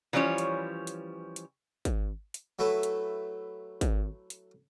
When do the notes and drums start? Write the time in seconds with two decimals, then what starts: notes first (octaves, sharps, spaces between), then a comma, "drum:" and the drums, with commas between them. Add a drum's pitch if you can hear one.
0.13 E3 F3 G3 C#4 C#5
0.38 drum: hi-hat
0.87 drum: hi-hat
1.36 drum: hi-hat
1.85 drum: kick G#1, hi-hat
2.34 drum: hi-hat
2.59 F#3 A3 E4 B4
2.83 drum: hi-hat
3.81 drum: kick G#1, hi-hat
4.30 drum: hi-hat